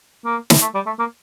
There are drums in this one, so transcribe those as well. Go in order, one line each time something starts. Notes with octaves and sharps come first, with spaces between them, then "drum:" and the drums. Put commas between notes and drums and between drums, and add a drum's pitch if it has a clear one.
A#3
drum: snare
A3
G3
A3
A#3